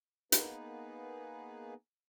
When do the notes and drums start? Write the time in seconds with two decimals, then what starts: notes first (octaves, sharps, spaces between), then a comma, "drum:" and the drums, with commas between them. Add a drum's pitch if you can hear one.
0.32 A#3 B3 D#4 G#4 B4, drum: hi-hat